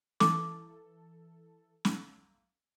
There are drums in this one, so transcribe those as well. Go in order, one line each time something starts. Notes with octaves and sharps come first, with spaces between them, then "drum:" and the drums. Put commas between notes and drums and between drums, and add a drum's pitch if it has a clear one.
E3 A4 D6, drum: snare
drum: snare